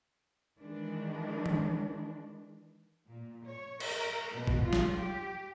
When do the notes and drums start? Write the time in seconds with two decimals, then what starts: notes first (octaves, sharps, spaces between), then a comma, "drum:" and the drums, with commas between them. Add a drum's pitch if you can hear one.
0.59 D#3 E3 G#3 D4
1.46 drum: tom E3
3.08 A#2
3.44 C#5
3.80 A#4, drum: cymbal
4.33 B2
4.47 drum: kick G#1
4.63 F4
4.73 drum: snare
4.96 G4